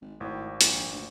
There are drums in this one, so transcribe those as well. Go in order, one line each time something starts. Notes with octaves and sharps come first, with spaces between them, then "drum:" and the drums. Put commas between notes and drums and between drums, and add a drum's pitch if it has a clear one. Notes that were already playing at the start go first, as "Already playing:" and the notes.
G#1
G#1 A2
A#1, drum: hi-hat
D2